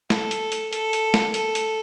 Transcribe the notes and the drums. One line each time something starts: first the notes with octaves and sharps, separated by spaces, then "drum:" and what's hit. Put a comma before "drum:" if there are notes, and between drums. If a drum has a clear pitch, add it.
A4, drum: snare
drum: hi-hat
drum: hi-hat
A4, drum: hi-hat
drum: hi-hat
drum: snare
A4, drum: hi-hat
drum: hi-hat